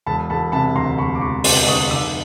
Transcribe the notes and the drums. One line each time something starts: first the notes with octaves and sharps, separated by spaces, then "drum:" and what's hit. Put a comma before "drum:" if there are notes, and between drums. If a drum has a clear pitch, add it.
E1 A5 B5
E1 A5 B5
C3 A5 B5
D2 A#5 C6
E1 B5 C#6
D6
E1 B5 C#6
C3 C6 D6, drum: open hi-hat
D2 C#6 D#6
F1 D6 E6